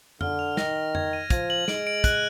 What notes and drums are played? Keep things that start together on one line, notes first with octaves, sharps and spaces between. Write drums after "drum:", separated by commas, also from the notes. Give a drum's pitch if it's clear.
D3 F6, drum: tom F2
F7
D#3 A#6, drum: snare
F6
G#6, drum: tom F2
D#7
F3 G#6, drum: kick, hi-hat
F#7
G#3 D7, drum: snare
D7
F#6, drum: kick, hi-hat